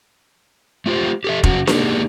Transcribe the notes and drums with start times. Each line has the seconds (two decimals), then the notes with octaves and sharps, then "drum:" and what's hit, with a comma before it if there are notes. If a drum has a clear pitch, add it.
0.86 A3 F4 G4 C5
1.24 G4 A4 E5
1.43 F2 C#3 F#3 F#4, drum: kick F1
1.67 A#3 D4 D#4 G4 G#4, drum: snare D4